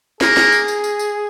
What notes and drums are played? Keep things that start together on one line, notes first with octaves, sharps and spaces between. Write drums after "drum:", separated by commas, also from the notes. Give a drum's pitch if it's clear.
A#3 G#4, drum: snare
drum: snare
drum: tambourine
drum: tambourine
drum: tambourine
drum: tambourine